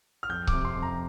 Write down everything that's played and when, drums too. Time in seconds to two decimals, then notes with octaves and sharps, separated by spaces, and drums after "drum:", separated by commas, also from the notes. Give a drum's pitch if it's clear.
0.23 F6
0.29 F2 G6
0.47 D6, drum: kick C#1
0.53 C3
0.65 C6
0.76 F2
0.82 A#5